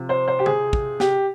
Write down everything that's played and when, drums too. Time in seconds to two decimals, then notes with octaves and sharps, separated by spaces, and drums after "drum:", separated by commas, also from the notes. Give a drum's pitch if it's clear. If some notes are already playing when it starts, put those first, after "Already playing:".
Already playing: C3 F3 C4
0.09 C5
0.28 C5
0.39 G4
0.46 G#4, drum: tom
0.73 drum: kick
1.00 G4, drum: snare